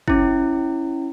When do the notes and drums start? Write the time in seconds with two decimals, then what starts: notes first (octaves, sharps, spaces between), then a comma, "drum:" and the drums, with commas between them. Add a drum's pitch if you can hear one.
0.08 C#4 E4, drum: kick